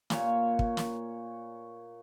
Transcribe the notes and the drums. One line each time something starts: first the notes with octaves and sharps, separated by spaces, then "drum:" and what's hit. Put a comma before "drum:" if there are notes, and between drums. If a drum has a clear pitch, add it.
A#2 C#5, drum: snare
drum: kick
drum: snare